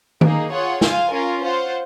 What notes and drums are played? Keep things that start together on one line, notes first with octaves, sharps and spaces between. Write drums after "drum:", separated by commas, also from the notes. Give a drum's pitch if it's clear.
A#3 D#4 G#4, drum: tom D#3
F4 G#4 C#5 F#5
F4 C5 F5 G#5, drum: snare
C#4 F4 A#4
F4 C5 F#5